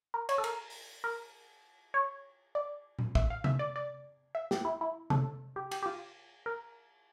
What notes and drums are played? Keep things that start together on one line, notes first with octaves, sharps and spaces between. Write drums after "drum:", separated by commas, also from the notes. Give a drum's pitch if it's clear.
A#4
C#5, drum: cymbal
A4
A#4, drum: cymbal
drum: open hi-hat
A#4
C#5
D5
drum: tom A#2
E5, drum: kick
F5
E5, drum: tom C3
D5
D5
E5
G4, drum: snare
E4
E4
A4, drum: tom C3
G4
G4, drum: cymbal
G4
F4
A#4